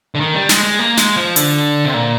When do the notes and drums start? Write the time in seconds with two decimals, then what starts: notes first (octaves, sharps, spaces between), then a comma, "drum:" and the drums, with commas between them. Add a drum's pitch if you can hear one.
0.15 D3
0.21 D#3
0.35 G3
0.49 G#3, drum: snare
0.64 G#3
0.79 A#3
0.97 G#3, drum: snare
1.16 F3
1.36 D3, drum: hi-hat
1.85 C3
1.94 A#2